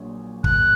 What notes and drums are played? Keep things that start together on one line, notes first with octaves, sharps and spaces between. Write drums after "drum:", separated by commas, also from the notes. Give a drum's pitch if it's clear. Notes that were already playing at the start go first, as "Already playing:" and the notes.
Already playing: A#1 A#2 F#3
F#6, drum: kick